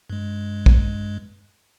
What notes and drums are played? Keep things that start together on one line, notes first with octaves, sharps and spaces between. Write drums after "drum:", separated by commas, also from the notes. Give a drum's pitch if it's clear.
G2 G#3
drum: kick